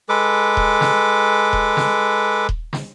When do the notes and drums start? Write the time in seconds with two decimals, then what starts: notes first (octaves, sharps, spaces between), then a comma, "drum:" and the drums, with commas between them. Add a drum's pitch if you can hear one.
0.09 G#3 A4 B4 D6
0.57 drum: kick D#1
0.81 drum: snare
1.53 drum: kick D#1
1.77 drum: snare
2.49 drum: kick D#1
2.73 drum: snare